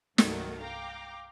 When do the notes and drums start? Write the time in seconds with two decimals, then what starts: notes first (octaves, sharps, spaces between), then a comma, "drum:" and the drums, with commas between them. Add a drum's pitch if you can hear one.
0.18 C2 G2 D3 D#3 F#3 A3, drum: snare
0.61 F5 G5 A#5 D6